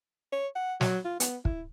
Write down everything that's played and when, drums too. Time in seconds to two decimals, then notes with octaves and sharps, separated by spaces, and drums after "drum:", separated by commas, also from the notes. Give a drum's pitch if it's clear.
0.33 C#5
0.56 F#5
0.81 F#3, drum: snare
1.05 F4
1.20 B3, drum: hi-hat
1.45 E4, drum: kick